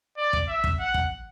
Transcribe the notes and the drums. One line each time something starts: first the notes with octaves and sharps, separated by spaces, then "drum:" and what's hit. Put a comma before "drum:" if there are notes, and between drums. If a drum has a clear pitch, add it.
D5
drum: kick
E5
drum: kick
F#5
drum: kick